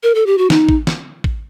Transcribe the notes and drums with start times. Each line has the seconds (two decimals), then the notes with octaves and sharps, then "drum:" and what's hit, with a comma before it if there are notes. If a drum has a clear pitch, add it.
0.03 A#4
0.15 A4
0.26 G4
0.38 F#4
0.50 D#4, drum: snare
0.69 drum: kick
0.87 drum: snare
1.24 drum: kick